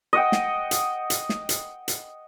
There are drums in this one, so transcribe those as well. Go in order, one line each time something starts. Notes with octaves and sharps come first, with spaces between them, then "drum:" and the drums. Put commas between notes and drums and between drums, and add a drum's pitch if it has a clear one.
D#5 F#5 G5
drum: snare
drum: hi-hat
drum: hi-hat
drum: snare
drum: hi-hat
drum: hi-hat